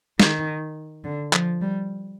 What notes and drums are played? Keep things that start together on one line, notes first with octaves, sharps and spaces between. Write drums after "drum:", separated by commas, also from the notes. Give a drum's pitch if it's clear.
D#3, drum: snare
D3
F3, drum: clap
G3